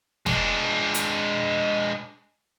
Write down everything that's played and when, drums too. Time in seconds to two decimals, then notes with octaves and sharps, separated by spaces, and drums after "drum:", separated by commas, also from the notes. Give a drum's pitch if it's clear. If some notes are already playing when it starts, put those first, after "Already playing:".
0.26 G#3 D4, drum: snare
0.94 drum: hi-hat